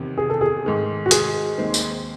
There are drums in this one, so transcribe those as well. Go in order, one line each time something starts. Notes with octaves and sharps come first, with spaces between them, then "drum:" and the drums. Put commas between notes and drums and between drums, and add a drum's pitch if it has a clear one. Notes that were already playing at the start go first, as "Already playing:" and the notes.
Already playing: E2 C3 D#3
G#4
A4
G#4
G#2 D#3 A3
F#4
G#4, drum: hi-hat
D#2 D#3 G#3 C4
drum: tambourine